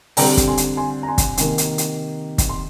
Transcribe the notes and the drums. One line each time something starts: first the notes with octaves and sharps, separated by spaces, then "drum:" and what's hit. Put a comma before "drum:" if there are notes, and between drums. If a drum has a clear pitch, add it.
D3 G3 C4 G5 A#5, drum: open hi-hat
drum: kick, hi-hat
G#5 C6
drum: hi-hat
G#5 C6
A#5
G#5 C6
drum: kick, hi-hat
C3 D#3 A#3, drum: hi-hat
drum: hi-hat
drum: hi-hat
drum: kick, hi-hat
C6